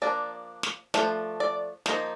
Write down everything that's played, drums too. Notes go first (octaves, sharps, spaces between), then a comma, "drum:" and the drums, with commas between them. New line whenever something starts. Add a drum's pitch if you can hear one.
F3 A#3 D4 D5
drum: snare
F3 A3 D4 C5, drum: snare
D5
F3 A#3 D#4 C5, drum: snare